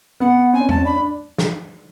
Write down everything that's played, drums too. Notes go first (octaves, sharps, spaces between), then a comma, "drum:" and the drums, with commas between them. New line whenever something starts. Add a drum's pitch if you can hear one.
B3 F#5
C4 G#5
C#4
C4 A5, drum: tom E2
C#4
D4 B5
D4
drum: snare